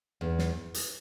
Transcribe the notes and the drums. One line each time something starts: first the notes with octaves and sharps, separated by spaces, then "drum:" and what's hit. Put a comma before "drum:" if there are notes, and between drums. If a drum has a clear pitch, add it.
E2
drum: snare
drum: hi-hat